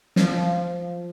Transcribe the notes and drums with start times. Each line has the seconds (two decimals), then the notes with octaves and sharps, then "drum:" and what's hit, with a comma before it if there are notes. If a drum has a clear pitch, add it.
0.16 F3, drum: snare